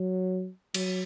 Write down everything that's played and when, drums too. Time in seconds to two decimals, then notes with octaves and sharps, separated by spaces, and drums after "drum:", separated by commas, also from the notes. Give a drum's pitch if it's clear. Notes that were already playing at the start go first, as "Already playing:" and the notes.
Already playing: F#3
0.74 F#3, drum: cymbal